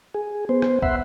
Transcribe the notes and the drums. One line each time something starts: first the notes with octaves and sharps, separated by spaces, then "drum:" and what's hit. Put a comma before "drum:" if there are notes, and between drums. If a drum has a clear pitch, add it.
G#4
B3 C5
drum: rim click
E5 F#5 B5 C6, drum: kick